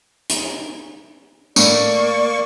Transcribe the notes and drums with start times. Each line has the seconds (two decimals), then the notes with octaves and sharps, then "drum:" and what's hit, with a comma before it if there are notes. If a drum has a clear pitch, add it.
0.30 drum: hi-hat
1.56 A2 A#3 D5 C#6, drum: tambourine